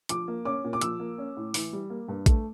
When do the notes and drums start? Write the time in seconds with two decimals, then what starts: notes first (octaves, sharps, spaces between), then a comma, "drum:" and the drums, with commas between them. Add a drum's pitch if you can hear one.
0.09 F3 D6, drum: hi-hat
0.28 A#3
0.45 C#4 D6
0.64 A#2
0.73 D6
0.81 F3 E6, drum: hi-hat
1.00 A#3
1.18 C#4
1.37 A2
1.54 E3, drum: open hi-hat
1.73 G3
1.90 A#3
2.08 G2
2.26 A3, drum: kick, hi-hat